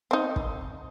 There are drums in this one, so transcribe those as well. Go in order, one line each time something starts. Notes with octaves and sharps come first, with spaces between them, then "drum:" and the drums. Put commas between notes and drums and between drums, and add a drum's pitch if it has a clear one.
C4 D#4
drum: kick